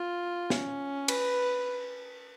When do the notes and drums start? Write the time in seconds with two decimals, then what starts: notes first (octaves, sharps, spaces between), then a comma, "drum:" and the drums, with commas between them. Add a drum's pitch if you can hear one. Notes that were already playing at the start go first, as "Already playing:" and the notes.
Already playing: F4
0.50 C#4, drum: snare
1.08 B4, drum: cymbal